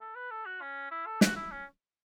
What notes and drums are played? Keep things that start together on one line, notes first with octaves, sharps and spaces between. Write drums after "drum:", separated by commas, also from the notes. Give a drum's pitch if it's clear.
A4
B4
A4
F#4
C#4
E4
A4
F#4, drum: snare
E4
C#4